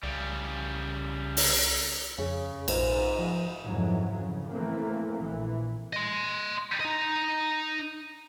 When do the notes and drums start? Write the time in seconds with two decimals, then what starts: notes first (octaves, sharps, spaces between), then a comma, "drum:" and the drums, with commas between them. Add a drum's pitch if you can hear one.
0.03 C2 C#3 G3
1.37 drum: open hi-hat
2.19 F2 C#3
2.68 A#1 G#2, drum: cymbal
3.19 F3
3.67 F2 G#2 C#3 E3 F#3
4.12 C#3
4.50 E3 A3 A#3 C4
5.20 A#1 E3
5.93 D#5 C6
6.80 D#4 D#5